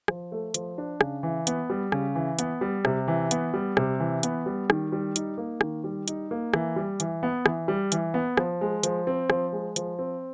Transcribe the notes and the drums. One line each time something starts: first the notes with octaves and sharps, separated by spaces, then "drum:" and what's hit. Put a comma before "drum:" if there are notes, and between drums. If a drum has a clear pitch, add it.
F3, drum: rim click
A3
F3, drum: hi-hat
D4
C#3, drum: rim click
E3
B3, drum: hi-hat
G3
C#3, drum: rim click
E3
B3, drum: hi-hat
G3
C3, drum: rim click
E3
B3, drum: hi-hat
G3
C3, drum: rim click
E3
B3, drum: hi-hat
G3
D#3, drum: rim click
G3
D#4, drum: hi-hat
A#3
D#3, drum: rim click
G3
D#4, drum: hi-hat
A#3
E3, drum: rim click
G3
E3, drum: hi-hat
B3
E3, drum: rim click
G3
E3, drum: hi-hat
B3
F3, drum: rim click
G#3
F3, drum: hi-hat
C4
F3, drum: rim click
G#3
F3, drum: hi-hat
C4